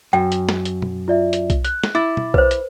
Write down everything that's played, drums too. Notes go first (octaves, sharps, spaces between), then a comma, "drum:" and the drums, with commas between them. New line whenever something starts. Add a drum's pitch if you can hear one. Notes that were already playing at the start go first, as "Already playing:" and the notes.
F#2 G5
drum: hi-hat
drum: snare
drum: hi-hat
drum: tom
F4 D5 E5
drum: hi-hat
drum: kick B1, hi-hat
F#6, drum: hi-hat
drum: snare
E4 D6 A6
drum: tom
B4 C5, drum: kick B1
drum: hi-hat